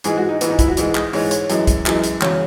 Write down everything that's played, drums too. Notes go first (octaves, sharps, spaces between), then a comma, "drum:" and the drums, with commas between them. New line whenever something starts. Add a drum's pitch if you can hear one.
G#2 E3 G#3 G#4, drum: hi-hat
F#4
D#4
G#2 E3 G#3 B3, drum: hi-hat
D#4
E4, drum: kick, hi-hat
F#4
G#2 E3 G#3, drum: hi-hat
D#5, drum: clap
G#2 E3 G#3 C#5, drum: open hi-hat
C#5, drum: hi-hat
F#2 E3 G#3, drum: hi-hat
drum: kick, hi-hat
F#2 E3 G#3, drum: clap
drum: hi-hat
E2 C#3 F#3 C#5, drum: clap